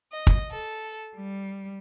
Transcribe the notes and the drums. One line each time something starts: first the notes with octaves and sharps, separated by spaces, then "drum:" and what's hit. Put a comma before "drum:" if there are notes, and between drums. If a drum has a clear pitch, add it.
D#5
drum: kick
A4
G3